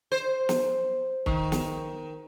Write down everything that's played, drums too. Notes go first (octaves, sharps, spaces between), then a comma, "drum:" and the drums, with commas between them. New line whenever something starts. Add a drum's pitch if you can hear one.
C5
drum: snare
D#3, drum: kick
drum: snare